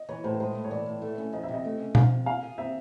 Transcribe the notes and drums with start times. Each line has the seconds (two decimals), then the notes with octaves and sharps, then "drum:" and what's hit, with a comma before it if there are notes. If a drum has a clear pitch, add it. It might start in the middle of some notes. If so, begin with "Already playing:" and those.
Already playing: D#5
0.09 E3 C#5
0.24 A2 C5
0.33 B4
0.40 G#3 C5
0.55 A2
0.64 C#5
0.71 E3 D5
0.86 A2
1.02 A3
1.18 C#4
1.33 F3 D#5
1.43 E5
1.49 C3
1.54 D#5
1.65 A3
1.80 C#4
1.95 F3 F5, drum: tom B2
2.11 C3
2.26 F4 F5
2.43 G#4
2.58 C4 E5